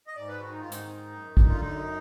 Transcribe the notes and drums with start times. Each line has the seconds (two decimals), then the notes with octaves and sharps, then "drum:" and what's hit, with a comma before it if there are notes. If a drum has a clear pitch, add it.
0.07 D#5
0.16 G#2 D5
0.28 B4
0.40 D#3 F#4
0.52 D#4
0.61 G#2 F4
0.72 D#4, drum: hi-hat
0.89 D#3
1.13 F#2
1.37 D3, drum: kick
1.49 F4
1.61 F#2 D#4